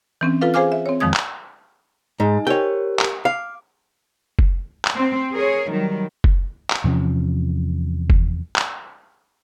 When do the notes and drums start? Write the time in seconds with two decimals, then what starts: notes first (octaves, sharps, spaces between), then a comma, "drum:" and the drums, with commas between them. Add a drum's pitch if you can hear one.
0.21 E3 C4 C#4
0.41 F4 A4 B4 F5
0.54 G#4 C5 F5 G#5 D6 F6
0.72 E5
0.86 C4 C#5
1.00 F2 D#3 F3 G#3 D#6 G#6
1.14 drum: clap
2.20 G#2 D#4 D#5 G#5
2.47 G4 A#4 C5 C#5 G5
2.99 drum: clap
3.25 F5 D6
4.39 drum: kick F1
4.85 drum: clap
4.94 C4
5.32 G#4 A#4 C#5
5.71 D#3 F#3 G3
6.24 drum: kick F1
6.71 drum: clap
6.84 E2 C3 F3 C#4
8.10 drum: kick F1
8.56 drum: clap